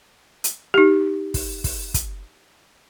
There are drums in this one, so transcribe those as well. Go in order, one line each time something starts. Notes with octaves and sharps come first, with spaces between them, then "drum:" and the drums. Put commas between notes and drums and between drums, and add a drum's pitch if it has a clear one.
drum: hi-hat
D#4 G4
drum: kick, open hi-hat
drum: kick, open hi-hat
drum: kick, hi-hat